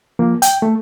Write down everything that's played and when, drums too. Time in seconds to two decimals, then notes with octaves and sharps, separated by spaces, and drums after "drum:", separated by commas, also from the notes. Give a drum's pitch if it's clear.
0.19 F3 A#3
0.42 G5, drum: hi-hat
0.62 A3